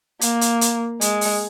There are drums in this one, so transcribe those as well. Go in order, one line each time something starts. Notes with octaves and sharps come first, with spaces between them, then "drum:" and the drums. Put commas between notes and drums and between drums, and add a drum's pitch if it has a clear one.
A#3, drum: hi-hat
drum: hi-hat
drum: hi-hat
G#3, drum: hi-hat
drum: open hi-hat